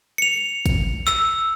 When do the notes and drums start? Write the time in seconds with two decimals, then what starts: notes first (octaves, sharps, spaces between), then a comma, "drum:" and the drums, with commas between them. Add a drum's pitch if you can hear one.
0.18 C#7 F7
0.66 drum: kick, hi-hat
1.07 E6, drum: clap